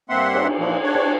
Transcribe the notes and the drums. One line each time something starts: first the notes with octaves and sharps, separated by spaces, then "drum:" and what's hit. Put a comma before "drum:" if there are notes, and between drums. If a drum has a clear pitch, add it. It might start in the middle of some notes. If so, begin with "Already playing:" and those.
G2 A#3 C4 E5 F#5 C6
drum: cymbal
A#2 E3 F3
D4 C#5
drum: cymbal